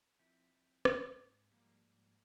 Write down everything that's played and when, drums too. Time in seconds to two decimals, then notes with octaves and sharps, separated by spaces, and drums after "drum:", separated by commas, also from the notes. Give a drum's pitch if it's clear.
0.19 F3 C4 E4
0.52 F3
0.85 G#2, drum: rim click
1.19 G#2
1.51 F3 G3 A#3
1.85 G#2